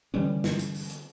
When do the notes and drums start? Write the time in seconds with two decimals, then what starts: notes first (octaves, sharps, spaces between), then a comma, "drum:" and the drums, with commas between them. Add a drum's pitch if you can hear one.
0.14 D3 E3 G3 C#4
0.44 drum: snare
0.59 drum: hi-hat
0.75 drum: open hi-hat
0.90 drum: hi-hat